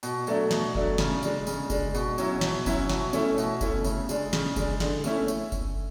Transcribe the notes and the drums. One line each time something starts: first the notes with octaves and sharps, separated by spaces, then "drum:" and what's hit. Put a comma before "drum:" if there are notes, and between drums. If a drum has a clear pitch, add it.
B2, drum: tambourine
F#3 A3 D4, drum: tambourine
B2, drum: snare
F#3 A3 D4, drum: kick F#1
C#3, drum: snare
G#3 D4, drum: tambourine
C#3, drum: tambourine
G#3 D4, drum: kick F#1, tambourine
B2, drum: tambourine
F#3 C#4 E4, drum: tambourine
B2, drum: snare
F#3 C#4 E4, drum: kick F#1, tambourine
B2, drum: snare
A3 C#4 E4, drum: tambourine
B2, drum: tambourine
A3 C#4 E4, drum: kick F#1, tambourine
C#3, drum: tambourine
G#3 D4, drum: tambourine
C#3, drum: snare
G#3 D4, drum: kick F#1, tambourine
D3, drum: snare
A3 C#4 E4, drum: tambourine
drum: tambourine
drum: kick F#1, tambourine